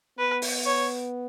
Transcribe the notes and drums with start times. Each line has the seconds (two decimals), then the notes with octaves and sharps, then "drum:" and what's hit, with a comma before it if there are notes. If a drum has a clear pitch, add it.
0.19 B3 B4
0.42 drum: open hi-hat
0.66 C#5